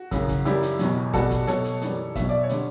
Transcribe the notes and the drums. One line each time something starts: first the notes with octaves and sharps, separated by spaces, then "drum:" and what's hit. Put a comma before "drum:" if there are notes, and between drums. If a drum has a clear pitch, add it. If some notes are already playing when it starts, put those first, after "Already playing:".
Already playing: F#4
F#2 C#3 E3, drum: kick, hi-hat
drum: kick, hi-hat
F#2 E3 G3 E4 G4, drum: hi-hat
drum: hi-hat
E2 B2 F#3, drum: hi-hat
B2 G3 F#4 A4, drum: kick, hi-hat
drum: kick, hi-hat
B2 F#3 A4 C#5, drum: hi-hat
drum: hi-hat
F#2 E3 G3, drum: hi-hat
B2 F#3 E5, drum: kick, hi-hat
D5
C#5
D3 G3, drum: hi-hat